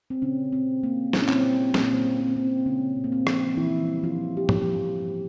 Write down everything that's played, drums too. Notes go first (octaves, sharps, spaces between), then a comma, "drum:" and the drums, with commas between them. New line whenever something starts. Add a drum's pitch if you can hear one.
C4
A#2 C#3 C#4
A#2 C4
A#3
A#2 E4, drum: snare
C#4
C4, drum: clap
G3
A#2 A#3, drum: snare
C4
A#3
A#2
C4
A#3
A#2 C4
C#3 G#3 C#4
A#2
A#3
C4
F3, drum: rim click
E3 E4
G3
F3 F4
E3
G4
E3 F3 F4, drum: tom
A#3
A#3